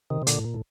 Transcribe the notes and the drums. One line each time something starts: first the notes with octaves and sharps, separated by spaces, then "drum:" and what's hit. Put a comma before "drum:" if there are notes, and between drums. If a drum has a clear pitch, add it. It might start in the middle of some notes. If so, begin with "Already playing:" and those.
C3 D#3
C3
A#2 D3, drum: hi-hat
A2
A#2
A2